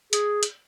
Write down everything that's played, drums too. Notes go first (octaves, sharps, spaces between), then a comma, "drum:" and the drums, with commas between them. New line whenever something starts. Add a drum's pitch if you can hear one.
G#4, drum: hi-hat
drum: hi-hat